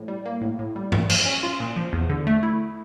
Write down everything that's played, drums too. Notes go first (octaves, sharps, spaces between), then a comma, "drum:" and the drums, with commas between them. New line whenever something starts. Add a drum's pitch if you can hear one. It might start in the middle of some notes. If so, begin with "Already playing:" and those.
Already playing: A2 F3
G3
A#3
A2
A2
G3
A#2, drum: tom G2
F3, drum: cymbal
C#4
F4
A#2
F3
E2
D3
A3
E4